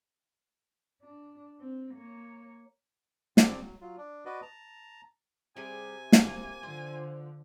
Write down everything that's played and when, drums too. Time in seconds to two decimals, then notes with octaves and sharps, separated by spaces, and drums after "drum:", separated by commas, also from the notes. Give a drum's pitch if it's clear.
1.02 D4
1.60 C4
1.94 A#3 C#5
3.37 C#3 C4 D5, drum: snare
3.61 F#3
3.81 F#3 F4
3.98 D4
4.25 F#4 B4 D5 D#5
4.42 A5 A#5
5.57 C3 G3 G#4 G#5
6.12 A#3, drum: snare
6.63 D3 F3 C5